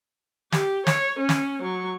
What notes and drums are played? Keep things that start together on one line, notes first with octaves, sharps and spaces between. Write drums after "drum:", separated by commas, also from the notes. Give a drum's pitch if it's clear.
G4, drum: snare
C#5, drum: snare
C#4
drum: snare
F#3 C#6